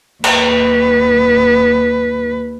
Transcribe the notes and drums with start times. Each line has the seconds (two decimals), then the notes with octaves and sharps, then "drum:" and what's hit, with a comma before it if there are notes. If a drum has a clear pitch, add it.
0.24 D#2 B4, drum: cymbal